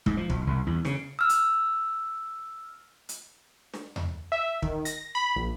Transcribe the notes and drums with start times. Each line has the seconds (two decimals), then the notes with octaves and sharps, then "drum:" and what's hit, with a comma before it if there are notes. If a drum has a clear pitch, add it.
0.06 G#2, drum: kick
0.17 F3
0.30 B1, drum: kick
0.47 C2
0.66 E2
0.85 C#3, drum: snare
1.19 E6 F6
1.29 drum: hi-hat
3.09 drum: hi-hat
3.74 drum: snare
3.96 drum: tom E2
4.32 E5
4.62 D#3, drum: kick
4.85 A#6, drum: hi-hat
5.15 B5
5.36 A#1